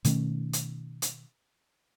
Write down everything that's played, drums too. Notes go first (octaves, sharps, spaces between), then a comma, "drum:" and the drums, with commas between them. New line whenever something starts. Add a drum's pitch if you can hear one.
B2 D#3 A3 C#4, drum: hi-hat
drum: hi-hat
drum: hi-hat